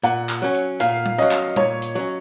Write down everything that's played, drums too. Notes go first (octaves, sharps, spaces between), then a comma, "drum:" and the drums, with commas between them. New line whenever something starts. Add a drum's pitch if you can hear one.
A#2 F#5, drum: hi-hat
drum: clap
F#3 C#4
drum: hi-hat
A#2 F5, drum: hi-hat
drum: tom G3
F#3 C#4 D#5
drum: clap
A#2 C#5, drum: tom G3
drum: hi-hat
F#3 C#4